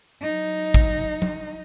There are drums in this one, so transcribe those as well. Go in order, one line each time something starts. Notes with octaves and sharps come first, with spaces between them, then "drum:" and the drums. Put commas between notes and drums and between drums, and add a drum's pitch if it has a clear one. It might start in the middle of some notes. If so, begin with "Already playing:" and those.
F#3 D#4
drum: kick
drum: tom